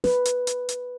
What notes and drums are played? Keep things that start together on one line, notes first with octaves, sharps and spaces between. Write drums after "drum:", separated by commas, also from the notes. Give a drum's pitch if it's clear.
B4, drum: snare
drum: hi-hat
drum: hi-hat
drum: hi-hat